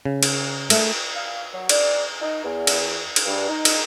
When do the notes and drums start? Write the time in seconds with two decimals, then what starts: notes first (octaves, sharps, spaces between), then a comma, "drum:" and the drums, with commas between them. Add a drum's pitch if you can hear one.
0.05 C#3
0.23 drum: cymbal
0.70 A3, drum: cymbal
1.15 F5
1.53 F#3
1.69 D5, drum: cymbal
2.22 D#4
2.44 E2
2.67 drum: cymbal
3.16 drum: cymbal
3.26 G2
3.48 D#4
3.65 drum: cymbal